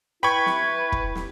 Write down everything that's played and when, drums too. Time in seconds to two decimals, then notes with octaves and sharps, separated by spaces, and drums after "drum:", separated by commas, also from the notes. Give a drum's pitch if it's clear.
0.23 E4 B4 G5 B5 C#6 G#6
0.46 drum: snare
0.92 drum: kick
1.15 drum: snare